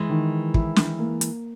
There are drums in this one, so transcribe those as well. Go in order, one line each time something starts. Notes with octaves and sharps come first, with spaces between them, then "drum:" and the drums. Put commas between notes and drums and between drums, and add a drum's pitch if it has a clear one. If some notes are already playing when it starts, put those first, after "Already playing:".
Already playing: E3 G#3
D#3
E4, drum: kick
drum: snare
A#3
drum: hi-hat